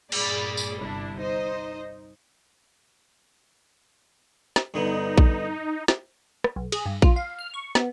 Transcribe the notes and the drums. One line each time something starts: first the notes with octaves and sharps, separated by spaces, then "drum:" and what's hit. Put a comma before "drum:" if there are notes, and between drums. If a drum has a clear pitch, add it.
G2 A#2 G#4 D5 B5, drum: cymbal
drum: tambourine
G1 C2 D4 E4
D#4 C5 D#5
drum: snare
G2 D3 B3 D#4
drum: kick A#1
drum: snare
drum: rim click
B1
G#4, drum: cymbal
G2
F4, drum: kick A#1
F5
F6
C#6
B3, drum: snare